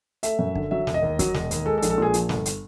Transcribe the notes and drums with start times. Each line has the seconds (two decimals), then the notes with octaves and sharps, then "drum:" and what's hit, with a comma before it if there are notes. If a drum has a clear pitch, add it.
0.23 A3 E5, drum: hi-hat
0.39 F#2
0.55 D3, drum: kick
0.71 F#3 E5
0.87 E1, drum: snare
0.94 D#5
1.02 D#2
1.19 F#3, drum: kick, hi-hat
1.34 E1, drum: snare
1.51 D#2, drum: hi-hat
1.66 G#3 A4
1.78 A4
1.82 A#1, drum: hi-hat
1.90 A4
1.98 A#2 G#4
2.14 F3, drum: hi-hat
2.29 G1, drum: snare
2.46 drum: hi-hat